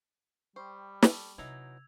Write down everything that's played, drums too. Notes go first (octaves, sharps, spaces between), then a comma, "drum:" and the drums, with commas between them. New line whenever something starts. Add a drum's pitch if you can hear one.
G3 C5 G5 C#6
A4 C#6, drum: snare
C3 E3 F#3 D#4 E6 G#6 F7